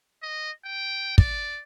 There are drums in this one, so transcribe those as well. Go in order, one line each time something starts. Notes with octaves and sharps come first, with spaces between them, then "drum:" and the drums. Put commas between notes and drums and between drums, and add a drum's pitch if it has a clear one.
D#5
G5
D5, drum: kick